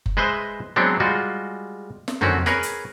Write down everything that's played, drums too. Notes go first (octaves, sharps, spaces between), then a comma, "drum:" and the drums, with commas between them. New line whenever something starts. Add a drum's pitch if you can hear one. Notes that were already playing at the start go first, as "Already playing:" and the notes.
drum: kick F#1
G#3 B4 C5 D#5 E5
F#3 G#3 B3 C4 D4
G3 G#3 F4 F#4
drum: snare
D3 D#3 C4 C#4 F#4, drum: tom
G#4 A#4 B4 C#5, drum: snare
drum: hi-hat